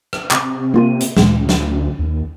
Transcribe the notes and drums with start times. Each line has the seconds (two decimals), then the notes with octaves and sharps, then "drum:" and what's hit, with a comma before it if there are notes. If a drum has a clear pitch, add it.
0.13 drum: rim click
0.31 C3 D6, drum: clap
0.74 A#3 F4 D#7
1.01 drum: hi-hat
1.17 D2 A#2 E3 G#3, drum: snare
1.49 drum: snare
1.99 D#2